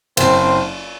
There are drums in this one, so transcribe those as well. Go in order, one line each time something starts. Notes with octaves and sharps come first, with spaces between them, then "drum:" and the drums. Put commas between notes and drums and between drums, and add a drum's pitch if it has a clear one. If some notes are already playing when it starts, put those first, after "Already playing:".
F#1 C4, drum: cymbal
C4